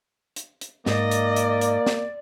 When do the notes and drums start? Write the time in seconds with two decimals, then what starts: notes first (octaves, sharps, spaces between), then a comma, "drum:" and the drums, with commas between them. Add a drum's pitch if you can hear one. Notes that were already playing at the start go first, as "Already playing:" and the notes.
0.36 drum: hi-hat
0.61 drum: hi-hat
0.86 G#2 A#3 D5 D#5, drum: snare
1.11 drum: hi-hat
1.36 drum: hi-hat
1.61 drum: hi-hat
1.86 drum: snare